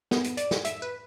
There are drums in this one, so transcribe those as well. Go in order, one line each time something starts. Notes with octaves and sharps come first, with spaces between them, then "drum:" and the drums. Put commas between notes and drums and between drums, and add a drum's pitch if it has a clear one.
B3, drum: snare
drum: hi-hat
D5, drum: hi-hat
drum: snare
E5, drum: hi-hat
B4